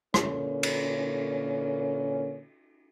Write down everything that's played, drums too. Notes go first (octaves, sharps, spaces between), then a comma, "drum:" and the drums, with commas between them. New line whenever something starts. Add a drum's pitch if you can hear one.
A#2 D3 E3 A#3 C#4, drum: rim click
drum: cymbal